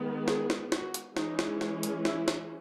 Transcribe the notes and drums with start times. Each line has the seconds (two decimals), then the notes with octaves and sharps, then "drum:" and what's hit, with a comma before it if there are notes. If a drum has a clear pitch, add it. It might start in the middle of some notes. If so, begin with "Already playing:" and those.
Already playing: D#3 G#3 B3
0.28 G#4, drum: snare
0.50 drum: snare
0.72 F#4, drum: snare
0.94 drum: hi-hat
1.17 E3 G#3 C#4 D#4, drum: snare
1.39 drum: snare
1.61 drum: snare
1.83 drum: hi-hat
2.05 E4, drum: snare
2.28 drum: snare